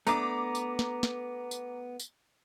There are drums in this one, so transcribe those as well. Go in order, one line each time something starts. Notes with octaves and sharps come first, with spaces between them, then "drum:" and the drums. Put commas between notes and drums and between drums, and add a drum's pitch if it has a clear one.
A3 B3 D4 A#5 D6, drum: tambourine
drum: tambourine
drum: snare
drum: snare
drum: tambourine
drum: tambourine